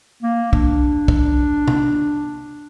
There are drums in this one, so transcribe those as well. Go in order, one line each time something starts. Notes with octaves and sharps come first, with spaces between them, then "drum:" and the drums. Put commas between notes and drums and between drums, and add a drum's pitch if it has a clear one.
A#3
D4, drum: kick
drum: kick
drum: tom